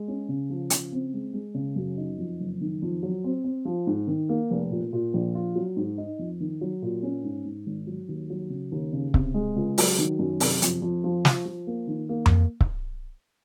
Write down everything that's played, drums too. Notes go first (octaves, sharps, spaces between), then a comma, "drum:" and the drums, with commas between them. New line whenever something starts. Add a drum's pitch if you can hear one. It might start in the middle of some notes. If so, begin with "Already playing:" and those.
Already playing: G#3
C#4
C#3
F3
C#3, drum: hi-hat
C4
G#3
G#3
C#3
F#2
D#4
F2
F#1
D#3
F2
F#3
C4
C4
F3
G#2
D#3
A#3
F1
A#2
A#2
A#1
F4
F#3
G#2
D#4
F2
D#3
F#3
A#2
C#4
G#2
G#2
G#1
F#3
D#2
F#3
C#3
D#2
C#3
C3, drum: kick C#1
G#3
C#2
F#3, drum: open hi-hat
D#3
F#2
C3, drum: open hi-hat
F2, drum: hi-hat
F2
F3
F3, drum: snare
F3
A#3
D#3
A#3
drum: tom F2
drum: kick C#1